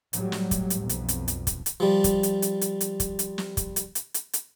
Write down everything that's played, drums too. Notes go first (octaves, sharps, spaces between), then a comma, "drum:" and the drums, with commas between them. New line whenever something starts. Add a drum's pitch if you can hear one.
A2 F#3 G3, drum: hi-hat
drum: snare
drum: kick, hi-hat
drum: hi-hat
B1 F2
drum: hi-hat
drum: hi-hat
drum: hi-hat
drum: kick, hi-hat
drum: hi-hat
F3 G3
drum: kick, hi-hat
drum: hi-hat
drum: hi-hat
drum: hi-hat
drum: hi-hat
drum: kick, hi-hat
drum: hi-hat
drum: snare
drum: kick, hi-hat
drum: hi-hat
drum: hi-hat
drum: hi-hat
drum: hi-hat